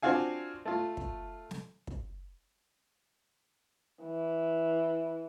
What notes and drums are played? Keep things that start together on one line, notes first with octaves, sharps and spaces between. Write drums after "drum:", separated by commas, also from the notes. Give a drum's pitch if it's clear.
C4 D4 F4 F#4 F5 G#5
A3 F4
drum: kick
drum: snare
drum: kick
E3